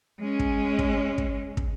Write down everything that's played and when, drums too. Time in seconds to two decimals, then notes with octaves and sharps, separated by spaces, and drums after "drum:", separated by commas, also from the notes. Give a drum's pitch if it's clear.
0.20 G#3 C#4
0.39 drum: kick
0.79 drum: kick
1.18 drum: kick
1.57 drum: kick